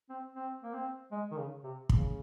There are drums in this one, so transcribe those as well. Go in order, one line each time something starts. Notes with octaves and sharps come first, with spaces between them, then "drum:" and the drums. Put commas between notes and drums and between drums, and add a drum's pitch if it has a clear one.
C4
C4
A#3
C4
G#3
D#3
C#3
C3
C#3, drum: kick